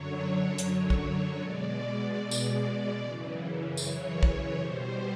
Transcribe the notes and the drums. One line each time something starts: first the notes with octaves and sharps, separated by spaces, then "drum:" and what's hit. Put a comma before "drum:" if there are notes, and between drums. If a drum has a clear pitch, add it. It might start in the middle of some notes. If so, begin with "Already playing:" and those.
Already playing: F#2 D3 F#3 C#5
C#5, drum: hi-hat
drum: kick
B2 G#3 D5
drum: tambourine
F#2 C#3 E3
C#5, drum: tambourine
drum: kick
B2 G3 C5